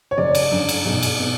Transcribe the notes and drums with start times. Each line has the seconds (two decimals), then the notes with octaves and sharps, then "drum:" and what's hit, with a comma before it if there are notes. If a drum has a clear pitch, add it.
0.11 C#5
0.18 F#1 D5
0.35 drum: cymbal
0.51 F#2 D3
0.69 drum: cymbal
0.85 B1
1.03 drum: cymbal
1.19 B2